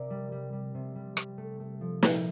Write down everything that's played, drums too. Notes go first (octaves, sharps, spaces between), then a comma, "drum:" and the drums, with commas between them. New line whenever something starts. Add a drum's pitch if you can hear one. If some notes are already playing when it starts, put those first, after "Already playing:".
Already playing: C3 A#4 D5
G3
G3
G3
C3
G3
G3, drum: rim click
A3
A3
F3
A#2, drum: snare